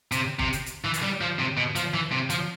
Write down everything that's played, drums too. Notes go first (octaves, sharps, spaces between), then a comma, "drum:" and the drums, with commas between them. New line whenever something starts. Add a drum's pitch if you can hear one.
C3, drum: hi-hat
C3, drum: kick G1
drum: hi-hat
drum: hi-hat
E3
drum: hi-hat
G3
F3
C3
B2
F3, drum: hi-hat
E3
C3
F3, drum: hi-hat